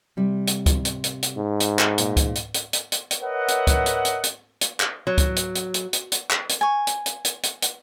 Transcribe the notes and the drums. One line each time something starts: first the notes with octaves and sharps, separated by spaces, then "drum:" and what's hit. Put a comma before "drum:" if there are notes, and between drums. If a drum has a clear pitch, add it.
C3 G3
drum: hi-hat
drum: kick C#2, hi-hat
drum: hi-hat
drum: hi-hat
drum: hi-hat
G#2
drum: hi-hat
drum: clap
A#2, drum: hi-hat
drum: kick C#2, hi-hat
drum: hi-hat
drum: hi-hat
drum: hi-hat
drum: hi-hat
drum: hi-hat
A#4 B4 C#5 D#5 E5 F#5
drum: hi-hat
drum: kick C#2, hi-hat
drum: hi-hat
drum: hi-hat
drum: hi-hat
drum: hi-hat
drum: clap
F#3
drum: kick C#2, hi-hat
drum: hi-hat
drum: hi-hat
drum: hi-hat
drum: hi-hat
drum: hi-hat
drum: clap
drum: hi-hat
G#5 C#6
drum: hi-hat
drum: hi-hat
drum: hi-hat
drum: hi-hat
drum: hi-hat